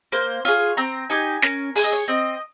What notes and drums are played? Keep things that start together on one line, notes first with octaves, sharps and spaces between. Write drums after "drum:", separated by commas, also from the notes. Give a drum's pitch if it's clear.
A#3 C5
F4 G#4 C#5
C4 A#5
D#4 G4 G#5
C#4 A#4, drum: snare
G#4 C#5, drum: open hi-hat
D#5
C#5
C4 D#5